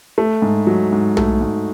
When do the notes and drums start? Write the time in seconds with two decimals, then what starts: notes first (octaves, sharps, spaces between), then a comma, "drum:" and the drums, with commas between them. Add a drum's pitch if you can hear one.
0.18 A3
0.42 G#2
0.67 F#3
0.92 G#2
1.17 A3, drum: tom B1
1.41 G#2